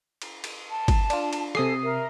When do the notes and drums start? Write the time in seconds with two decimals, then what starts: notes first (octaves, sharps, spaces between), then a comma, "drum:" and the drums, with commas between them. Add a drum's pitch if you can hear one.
0.22 drum: cymbal
0.44 drum: cymbal
0.70 A5
0.88 drum: kick G1, cymbal
1.10 D4 F4, drum: cymbal
1.33 drum: cymbal
1.55 C3 A4 G#5 D#6 C7, drum: rim click
1.82 A#4 E5